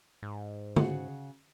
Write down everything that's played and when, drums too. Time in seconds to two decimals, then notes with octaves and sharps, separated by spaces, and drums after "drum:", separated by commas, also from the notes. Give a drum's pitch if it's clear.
0.23 G#2
0.76 C#3 F#4 F#5, drum: tom D3